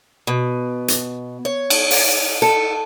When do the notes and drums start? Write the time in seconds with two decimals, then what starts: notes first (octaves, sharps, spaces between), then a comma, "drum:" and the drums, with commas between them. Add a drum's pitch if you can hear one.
0.27 B2
0.88 drum: hi-hat
1.45 C#5
1.70 drum: cymbal
1.91 drum: open hi-hat
2.42 A4